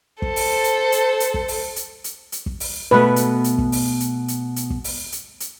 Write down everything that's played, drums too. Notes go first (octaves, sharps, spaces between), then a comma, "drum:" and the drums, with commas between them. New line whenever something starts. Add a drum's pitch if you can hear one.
A4 C5, drum: kick
drum: open hi-hat
drum: hi-hat
drum: hi-hat
drum: hi-hat
drum: kick
drum: open hi-hat
drum: hi-hat
drum: hi-hat
drum: hi-hat
drum: kick
drum: open hi-hat
B2 A3 B4
drum: hi-hat
drum: hi-hat
drum: kick
drum: open hi-hat
drum: hi-hat
drum: hi-hat
drum: hi-hat
drum: kick
drum: open hi-hat
drum: hi-hat
drum: hi-hat